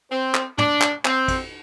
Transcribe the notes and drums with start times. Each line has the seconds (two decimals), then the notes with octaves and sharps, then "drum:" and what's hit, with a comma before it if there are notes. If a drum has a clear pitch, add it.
0.11 C4
0.34 drum: clap
0.58 D4, drum: tom
0.81 drum: clap
1.05 C4, drum: clap
1.28 drum: kick, cymbal